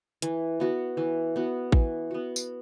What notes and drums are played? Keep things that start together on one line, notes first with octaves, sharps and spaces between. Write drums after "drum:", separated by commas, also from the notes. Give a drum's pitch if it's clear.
E3, drum: hi-hat
B3 F#4
E3
B3 F#4
E3, drum: kick A1
B3 F#4
drum: tambourine